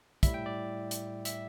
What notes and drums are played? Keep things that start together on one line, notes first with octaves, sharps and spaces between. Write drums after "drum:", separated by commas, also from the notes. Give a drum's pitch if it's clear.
A2 G3 E4 E5, drum: kick, hi-hat
G5
D5
drum: hi-hat
E5, drum: hi-hat